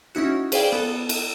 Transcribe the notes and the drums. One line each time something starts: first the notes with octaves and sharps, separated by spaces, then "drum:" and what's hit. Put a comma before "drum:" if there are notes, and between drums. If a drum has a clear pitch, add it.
C#4 D#4 E4 F#4
G#4 B4 C5 D5 F5 G5, drum: cymbal
B3 A4
drum: cymbal